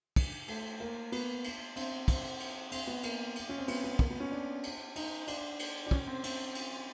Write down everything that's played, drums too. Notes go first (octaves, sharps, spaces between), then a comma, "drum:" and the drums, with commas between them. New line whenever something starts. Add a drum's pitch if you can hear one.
drum: kick, cymbal
A3, drum: cymbal
A#3
B3, drum: cymbal
drum: cymbal
C4, drum: cymbal
C4, drum: kick, cymbal
drum: cymbal
C4, drum: cymbal
B3
A#3, drum: cymbal
drum: cymbal
C#4
C4
B3, drum: cymbal
B3
A#3, drum: kick
B3
C#4
D4
drum: cymbal
D#4, drum: cymbal
D4, drum: cymbal
drum: cymbal
D4
C#4, drum: kick
C4
C4, drum: cymbal
drum: cymbal